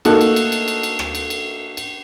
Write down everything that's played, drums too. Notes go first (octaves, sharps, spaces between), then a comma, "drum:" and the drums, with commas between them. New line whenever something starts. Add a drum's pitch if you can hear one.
A3 A#3 D#4 F#4 A4, drum: cymbal
drum: cymbal
drum: cymbal
drum: cymbal
drum: cymbal
drum: cymbal
drum: rim click
drum: cymbal
drum: cymbal
drum: cymbal